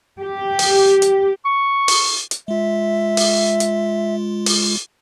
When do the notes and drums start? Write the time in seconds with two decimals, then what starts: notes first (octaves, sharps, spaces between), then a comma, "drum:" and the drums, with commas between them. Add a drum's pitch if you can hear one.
0.18 G4
0.59 drum: open hi-hat
1.02 drum: hi-hat
1.45 C#6
1.88 drum: open hi-hat
2.31 drum: hi-hat
2.48 G#3 F4 E5
3.17 drum: open hi-hat
3.60 drum: hi-hat
4.46 drum: open hi-hat